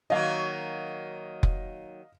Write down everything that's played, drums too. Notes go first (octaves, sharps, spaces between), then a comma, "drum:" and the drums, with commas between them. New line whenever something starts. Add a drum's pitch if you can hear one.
D#3 F#3 A#3 D#5 F5
drum: kick F1